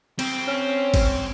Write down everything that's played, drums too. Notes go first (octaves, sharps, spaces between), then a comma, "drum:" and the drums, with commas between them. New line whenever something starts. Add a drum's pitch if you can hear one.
C4, drum: cymbal
C#4
drum: kick G#1, cymbal